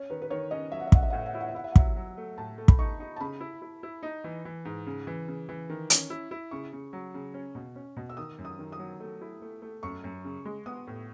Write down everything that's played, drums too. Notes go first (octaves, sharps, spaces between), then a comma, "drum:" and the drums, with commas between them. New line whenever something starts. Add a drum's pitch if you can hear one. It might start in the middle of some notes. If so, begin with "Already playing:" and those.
Already playing: C#4 C#5
D#3 B4
B4
D#3 C#5
C#4 D#5
F#3 E5
F#5
E5
C#4 F#5, drum: kick
E5
A2 F#5
E5
F#5
E4 E5
F#5
E5
E4 F#5
E5
F#5
F#3 E5, drum: kick
F#3
A3
A2 A5
A3
B5, drum: kick
D#4 C#6
D#4
A5
C#3 B5
E4
E4
E4
D#4
E3
E3
G#2
C#3
E3
C#3
E3
D#3
C#4, drum: hi-hat
E4
E4
C#3 C#6
C#3
F#3
C#3
C#4
B2
C#4
B2
E6
D#3 D#6
F#2
D#6
D#3
D#6
F#3
A3
E4
A3
A3
F#2 C#6
F#2
C#3
G#3
B3 D#6
A2